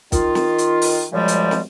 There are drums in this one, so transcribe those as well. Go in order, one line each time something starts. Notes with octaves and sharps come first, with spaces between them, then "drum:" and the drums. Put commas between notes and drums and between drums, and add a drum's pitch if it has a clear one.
D#3 F4, drum: kick, hi-hat
drum: snare
drum: hi-hat
drum: open hi-hat
F#2 A#2 C#3 F3 G3 G#3
drum: hi-hat
drum: snare